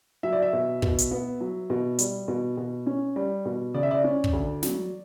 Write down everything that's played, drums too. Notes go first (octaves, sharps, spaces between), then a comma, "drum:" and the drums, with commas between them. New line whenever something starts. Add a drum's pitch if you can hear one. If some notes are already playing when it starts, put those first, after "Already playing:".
F#3 E5
D5
E5
B2
B2, drum: kick
drum: hi-hat
B3
F#3
B2
G3, drum: hi-hat
B2
B2
C#4
G3
B2
C#3 D5
E5
D5
C#4
drum: kick
D2
F#3, drum: snare